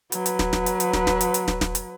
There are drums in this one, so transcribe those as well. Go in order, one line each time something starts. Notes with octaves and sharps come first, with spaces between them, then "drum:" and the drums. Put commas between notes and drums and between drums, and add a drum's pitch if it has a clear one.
F#3 B4, drum: hi-hat
drum: hi-hat
drum: snare
drum: snare
drum: hi-hat
drum: hi-hat
drum: snare
drum: snare
drum: hi-hat
drum: hi-hat
drum: snare
drum: snare
drum: hi-hat